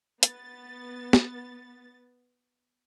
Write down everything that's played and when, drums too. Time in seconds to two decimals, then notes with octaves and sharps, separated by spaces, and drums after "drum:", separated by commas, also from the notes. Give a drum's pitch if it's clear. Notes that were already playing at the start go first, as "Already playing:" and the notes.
0.23 B3 A6, drum: hi-hat
1.13 drum: snare